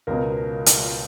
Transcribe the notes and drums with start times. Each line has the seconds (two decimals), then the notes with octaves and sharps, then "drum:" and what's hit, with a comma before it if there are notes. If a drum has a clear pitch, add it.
0.07 C#2 B2 A#4
0.66 drum: hi-hat